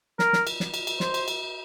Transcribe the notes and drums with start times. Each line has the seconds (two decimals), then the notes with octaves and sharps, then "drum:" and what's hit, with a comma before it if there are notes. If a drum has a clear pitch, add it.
0.19 A#4, drum: snare
0.33 drum: snare
0.47 drum: cymbal
0.60 drum: snare
0.74 drum: cymbal
0.87 drum: cymbal
1.00 C5, drum: snare
1.14 drum: cymbal
1.28 drum: cymbal